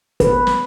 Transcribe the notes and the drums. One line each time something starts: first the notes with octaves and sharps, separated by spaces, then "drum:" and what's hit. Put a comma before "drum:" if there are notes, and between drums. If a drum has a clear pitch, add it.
B4, drum: kick, hi-hat
drum: snare